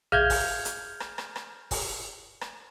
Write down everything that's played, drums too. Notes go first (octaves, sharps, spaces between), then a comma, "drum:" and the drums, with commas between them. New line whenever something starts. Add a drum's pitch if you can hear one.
G#4 E5 F5 F6 G6 G#6, drum: tom A#1
drum: kick, open hi-hat
drum: hi-hat
drum: rim click
drum: rim click
drum: rim click
drum: kick, open hi-hat
drum: rim click